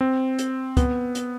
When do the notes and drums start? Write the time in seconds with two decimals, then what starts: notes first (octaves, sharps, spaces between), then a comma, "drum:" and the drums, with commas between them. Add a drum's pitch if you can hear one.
0.01 C4
0.39 drum: hi-hat
0.77 B3, drum: kick, hi-hat
1.15 drum: hi-hat